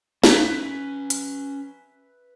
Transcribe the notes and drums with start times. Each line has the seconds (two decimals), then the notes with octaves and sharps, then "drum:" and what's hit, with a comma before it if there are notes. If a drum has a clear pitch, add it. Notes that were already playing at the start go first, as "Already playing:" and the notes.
0.24 C#4 B4 E5 A#5, drum: snare
1.10 drum: hi-hat